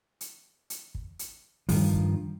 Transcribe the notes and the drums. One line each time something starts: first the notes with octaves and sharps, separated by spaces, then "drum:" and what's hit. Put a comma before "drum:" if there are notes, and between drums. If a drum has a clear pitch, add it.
drum: hi-hat
drum: hi-hat
drum: kick
drum: hi-hat
G2 D#3 F3, drum: open hi-hat
drum: kick